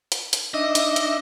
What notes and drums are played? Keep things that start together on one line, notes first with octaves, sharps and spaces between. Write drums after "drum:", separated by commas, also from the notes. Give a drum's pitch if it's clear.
drum: hi-hat
drum: hi-hat
D4 D#4 D#5 E5
drum: hi-hat
drum: hi-hat